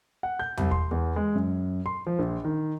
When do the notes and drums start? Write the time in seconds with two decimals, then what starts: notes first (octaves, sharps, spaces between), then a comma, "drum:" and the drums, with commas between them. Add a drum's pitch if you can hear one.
0.23 F#5
0.39 G6
0.58 C2, drum: tom E2
0.71 C6, drum: kick
0.91 E2
1.16 G#3
1.35 F#2
1.86 C6
2.07 F3
2.19 A#1
2.44 D#3